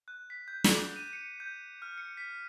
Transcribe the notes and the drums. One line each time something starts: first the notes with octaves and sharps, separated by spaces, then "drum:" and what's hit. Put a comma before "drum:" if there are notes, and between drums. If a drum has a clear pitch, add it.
F#6
B6
G6
drum: snare
D6
D#7
C#7
G6
F6
C#7
B6